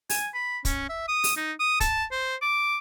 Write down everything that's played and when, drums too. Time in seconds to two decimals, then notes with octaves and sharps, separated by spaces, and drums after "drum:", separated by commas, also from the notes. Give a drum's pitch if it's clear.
0.10 G#5, drum: open hi-hat
0.34 B5
0.65 C#4, drum: kick, hi-hat
0.89 E5
1.08 D#6
1.24 drum: open hi-hat
1.36 D#4
1.59 D#6
1.80 A5, drum: kick, hi-hat
2.11 C5
2.42 D6